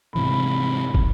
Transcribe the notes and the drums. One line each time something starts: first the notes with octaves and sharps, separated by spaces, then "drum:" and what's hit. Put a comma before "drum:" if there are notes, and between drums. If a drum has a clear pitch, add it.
G#2 C3 E3 B5
drum: kick